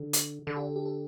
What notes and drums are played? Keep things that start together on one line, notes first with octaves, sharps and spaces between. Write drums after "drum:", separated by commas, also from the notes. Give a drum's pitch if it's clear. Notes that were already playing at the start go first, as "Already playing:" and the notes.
Already playing: D3
drum: hi-hat
D3 A4
G4
G4
A4